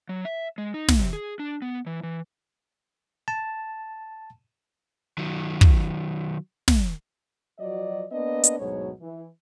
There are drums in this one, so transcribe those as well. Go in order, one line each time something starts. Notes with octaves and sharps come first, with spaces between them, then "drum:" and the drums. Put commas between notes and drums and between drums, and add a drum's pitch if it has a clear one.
F#3
E5
G#3
D#4
drum: snare
C3
G#4
D4
B3
E3
E3
A5
D#3 F#3
drum: kick
drum: snare
F3 F#3 F#4 D5 D#5
A#3 B3 D4 D5 D#5
drum: hi-hat
D2 G#2 B2 F#3 C#5
E3